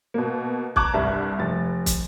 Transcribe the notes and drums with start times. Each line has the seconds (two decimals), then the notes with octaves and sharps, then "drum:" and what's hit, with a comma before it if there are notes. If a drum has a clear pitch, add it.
0.14 B2 A#3
0.76 A5 A#5 C#6 D6 F#6 G#6, drum: kick
0.94 C2 G2 E5
1.39 F1 A6
1.86 drum: kick, hi-hat